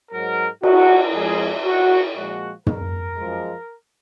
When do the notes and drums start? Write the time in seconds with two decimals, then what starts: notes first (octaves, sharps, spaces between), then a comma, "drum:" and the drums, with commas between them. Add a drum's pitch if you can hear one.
0.11 G#2 F#3 A#4
0.63 F#4, drum: cymbal
1.14 F2 F3 G#3 G#4
1.65 F#4
2.16 A#2 F3 G#3 F#4
2.66 A#4, drum: tom
3.17 F#2 F3 G#3